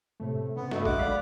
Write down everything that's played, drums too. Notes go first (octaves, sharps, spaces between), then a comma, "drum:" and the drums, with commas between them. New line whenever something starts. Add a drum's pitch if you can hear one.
A2 C3 A3
C#3 B3 C4
G2 A3 F#4 D#5 E5, drum: snare
G#3 F#5 D6, drum: kick
B1 D5 F5 B5